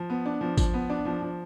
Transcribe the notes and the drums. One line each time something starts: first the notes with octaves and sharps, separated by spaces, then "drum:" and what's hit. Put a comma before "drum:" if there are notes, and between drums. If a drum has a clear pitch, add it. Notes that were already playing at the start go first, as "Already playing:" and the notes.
Already playing: F3
B3
D4
F3
F3, drum: kick G#1, tambourine
B3
D4
F3
F3